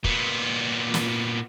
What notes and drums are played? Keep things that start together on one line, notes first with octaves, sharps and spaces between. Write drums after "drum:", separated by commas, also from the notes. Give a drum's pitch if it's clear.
A#2 B3, drum: kick
drum: snare